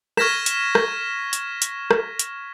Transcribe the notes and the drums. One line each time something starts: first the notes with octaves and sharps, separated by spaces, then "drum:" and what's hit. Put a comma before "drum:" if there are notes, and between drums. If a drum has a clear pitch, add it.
C#6 F6 G#6 A#6 B6 E7, drum: rim click
drum: hi-hat
drum: rim click
drum: hi-hat
drum: hi-hat
drum: rim click
drum: hi-hat